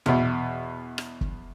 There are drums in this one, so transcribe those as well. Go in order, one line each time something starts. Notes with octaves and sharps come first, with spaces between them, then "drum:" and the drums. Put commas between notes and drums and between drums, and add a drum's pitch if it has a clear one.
E2 B2, drum: tom
drum: rim click
drum: kick